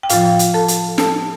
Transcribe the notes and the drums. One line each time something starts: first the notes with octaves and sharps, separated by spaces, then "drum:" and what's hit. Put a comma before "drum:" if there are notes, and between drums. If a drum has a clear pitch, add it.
G5
A2 F3 F4 F5, drum: hi-hat
drum: hi-hat
A4 A5
drum: hi-hat
A4 A5, drum: snare